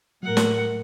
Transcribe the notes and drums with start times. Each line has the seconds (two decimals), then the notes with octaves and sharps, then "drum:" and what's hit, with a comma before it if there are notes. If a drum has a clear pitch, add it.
0.23 A2 F#3 A#4 F#5
0.37 drum: snare